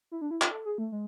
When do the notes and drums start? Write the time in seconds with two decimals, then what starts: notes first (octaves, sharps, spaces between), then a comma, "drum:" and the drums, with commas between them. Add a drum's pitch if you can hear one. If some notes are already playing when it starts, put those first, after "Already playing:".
0.11 E4
0.21 D4
0.31 E4
0.41 F4, drum: clap
0.51 A4
0.65 G#4
0.78 A3
0.92 G#3